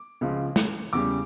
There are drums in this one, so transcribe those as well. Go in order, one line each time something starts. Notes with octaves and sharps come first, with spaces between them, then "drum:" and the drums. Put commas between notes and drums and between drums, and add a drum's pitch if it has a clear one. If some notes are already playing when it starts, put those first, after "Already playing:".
Already playing: D6
C#2 C#3 F3
drum: snare
E2 C#3 G3 D6